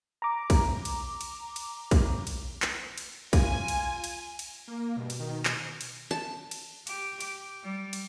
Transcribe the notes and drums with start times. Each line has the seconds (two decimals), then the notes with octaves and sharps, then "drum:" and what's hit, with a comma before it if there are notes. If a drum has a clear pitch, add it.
0.22 A#5 D6
0.50 drum: kick, cymbal
0.85 drum: cymbal
1.21 drum: cymbal
1.56 drum: cymbal
1.91 drum: kick, cymbal
2.27 drum: cymbal
2.62 drum: clap
2.98 drum: cymbal
3.33 F4 G#5, drum: kick, cymbal
3.68 drum: cymbal
4.04 drum: cymbal
4.39 drum: cymbal
4.68 A#3
4.97 G2 B2
5.10 drum: cymbal
5.19 D#3
5.45 drum: clap
5.81 drum: cymbal
6.11 A5
6.51 drum: cymbal
6.87 G4, drum: cymbal
7.20 G4, drum: cymbal
7.64 G3
7.93 drum: cymbal